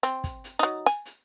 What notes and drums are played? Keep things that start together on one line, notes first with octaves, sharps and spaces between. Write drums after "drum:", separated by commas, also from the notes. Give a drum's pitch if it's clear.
C4, drum: hi-hat
drum: kick, hi-hat
drum: hi-hat
F#3 D#4
G#5, drum: hi-hat
drum: hi-hat